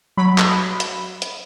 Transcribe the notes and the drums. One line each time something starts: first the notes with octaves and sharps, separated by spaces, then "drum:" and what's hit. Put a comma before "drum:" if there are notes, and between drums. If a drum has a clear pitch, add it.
F#3 B5
drum: clap
drum: hi-hat
drum: hi-hat